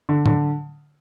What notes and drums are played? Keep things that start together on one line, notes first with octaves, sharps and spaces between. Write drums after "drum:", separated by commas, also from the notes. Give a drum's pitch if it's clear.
D3
D3, drum: tom A2